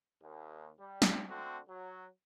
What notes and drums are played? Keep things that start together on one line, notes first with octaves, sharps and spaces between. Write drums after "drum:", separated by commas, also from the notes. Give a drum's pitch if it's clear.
D#2
G3
drum: snare
D3 A3 C4 F#4
F#3